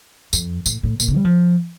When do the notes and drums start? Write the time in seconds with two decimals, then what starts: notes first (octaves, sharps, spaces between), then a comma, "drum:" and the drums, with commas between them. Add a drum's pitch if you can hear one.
0.33 F2, drum: tambourine
0.66 A2, drum: tambourine
0.83 A2
1.00 A#2, drum: tambourine
1.08 C3
1.16 G3
1.25 F3